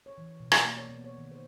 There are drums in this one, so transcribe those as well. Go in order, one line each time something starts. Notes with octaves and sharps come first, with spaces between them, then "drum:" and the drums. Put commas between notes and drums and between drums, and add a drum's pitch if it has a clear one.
C#5
E3
B2
D5, drum: rim click
A#3
C#5
B3
C#5
D#3
C5